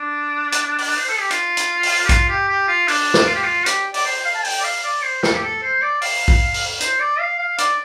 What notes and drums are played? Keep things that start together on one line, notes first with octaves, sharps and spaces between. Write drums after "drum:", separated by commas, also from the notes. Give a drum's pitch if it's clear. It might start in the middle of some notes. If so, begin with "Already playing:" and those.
Already playing: D4
drum: hi-hat
drum: open hi-hat
C5
A4
G4
F4, drum: hi-hat
drum: hi-hat
drum: open hi-hat
G4
F4, drum: kick A#1, hi-hat
G4
G4
F4
D4, drum: open hi-hat
drum: snare
F4
G4
F4
G4, drum: hi-hat
D5, drum: open hi-hat
C5
F5
A5
G5, drum: open hi-hat
D5
F5
D5
C5
A4, drum: snare
G4
A4
C5
D5
F5, drum: open hi-hat
drum: kick A#1
drum: open hi-hat
C5, drum: hi-hat
D5
F5
F5
D5, drum: hi-hat